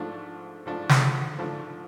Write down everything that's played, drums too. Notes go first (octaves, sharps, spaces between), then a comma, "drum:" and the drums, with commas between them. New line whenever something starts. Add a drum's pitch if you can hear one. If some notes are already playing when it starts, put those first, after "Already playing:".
Already playing: G#2 F3 A3 D4
G#2 F3 A3 D4
drum: snare
G#2 F3 A3 D4